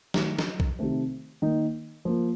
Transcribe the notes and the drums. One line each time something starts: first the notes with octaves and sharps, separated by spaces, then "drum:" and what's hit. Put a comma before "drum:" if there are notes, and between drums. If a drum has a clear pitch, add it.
D#3 A3 D#4, drum: snare
drum: snare
drum: kick B1
C3 D#3 A3 C4
D#3 A#3 D#4
F3 A#3 F4